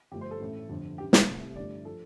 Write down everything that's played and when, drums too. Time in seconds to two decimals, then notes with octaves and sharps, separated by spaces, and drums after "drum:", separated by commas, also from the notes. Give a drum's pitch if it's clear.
0.12 G1 G2 F3 A3 G4
0.21 C5
0.31 A4
0.41 A1 A2 A3
0.69 G1 F2 D3
0.98 A1 G2 G3 G4
1.13 drum: snare
1.28 C2 C3 A3
1.56 G1 G2 F3 A3 D5
1.85 F3 A4